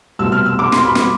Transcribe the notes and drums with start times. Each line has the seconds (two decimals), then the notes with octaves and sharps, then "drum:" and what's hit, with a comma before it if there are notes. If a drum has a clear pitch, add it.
0.19 C2 B2 A3 E6
0.32 F6
0.46 E6
0.59 D6
0.72 C6, drum: snare
0.85 B5
0.95 drum: snare